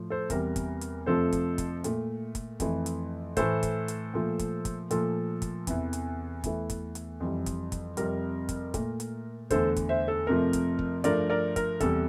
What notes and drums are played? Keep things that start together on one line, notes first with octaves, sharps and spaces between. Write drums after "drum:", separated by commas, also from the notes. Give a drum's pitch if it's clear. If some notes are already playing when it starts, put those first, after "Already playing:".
Already playing: A2 F3 A3
A4 C5
E2 C3 G3 A#4, drum: kick, hi-hat
drum: kick, hi-hat
drum: hi-hat
F2 C3 F3 A3 A4 C5
drum: kick, hi-hat
drum: kick, hi-hat
A#2 A3, drum: hi-hat
drum: kick, hi-hat
F2 E3 A3, drum: kick, hi-hat
drum: hi-hat
A2 E3 A3 A4 C5, drum: kick, hi-hat
drum: kick, hi-hat
drum: hi-hat
A#2 F3 A3
drum: kick, hi-hat
drum: kick, hi-hat
A#2 F3 A3 A4, drum: hi-hat
drum: kick, hi-hat
E2 C3 E3, drum: kick, hi-hat
drum: hi-hat
E2 E3 A3, drum: kick, hi-hat
drum: kick, hi-hat
drum: hi-hat
F2 E3 G3
drum: kick, hi-hat
drum: kick, hi-hat
F2 C3 G3 A#4, drum: hi-hat
drum: kick, hi-hat
A#2 A3, drum: kick, hi-hat
drum: hi-hat
E2 D3 A3 A4 C5, drum: kick, hi-hat
drum: kick, hi-hat
C5 E5
A4
F2 C3 F3 A3 A#4
drum: kick, hi-hat
drum: kick
G2 F3 A3 A#4 D5, drum: hi-hat
A#4 D5
A#4, drum: kick, hi-hat
E2 C3 G3 A4, drum: kick, hi-hat